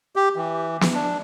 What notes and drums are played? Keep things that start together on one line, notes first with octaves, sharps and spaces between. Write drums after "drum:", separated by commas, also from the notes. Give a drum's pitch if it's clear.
G4
E3
drum: snare
D4